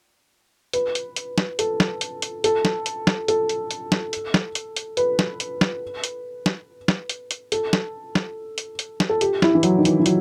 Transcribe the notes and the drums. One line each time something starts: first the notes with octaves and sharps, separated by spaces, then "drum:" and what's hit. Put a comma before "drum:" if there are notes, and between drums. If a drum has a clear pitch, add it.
B4, drum: hi-hat
drum: hi-hat
drum: hi-hat
drum: snare
A4, drum: hi-hat
drum: snare
drum: hi-hat
drum: hi-hat
A4, drum: hi-hat
drum: snare
drum: hi-hat
drum: snare
A4, drum: hi-hat
drum: hi-hat
drum: hi-hat
drum: snare
drum: hi-hat
drum: snare
drum: hi-hat
drum: hi-hat
B4, drum: hi-hat
drum: snare
drum: hi-hat
drum: snare
drum: hi-hat
drum: snare
drum: snare
drum: hi-hat
drum: hi-hat
A4, drum: hi-hat
drum: snare
drum: snare
drum: hi-hat
drum: hi-hat
drum: snare
A4
G4, drum: hi-hat
E4, drum: snare
E3
F#3, drum: hi-hat
D#3
E3, drum: hi-hat
E3
F#3, drum: hi-hat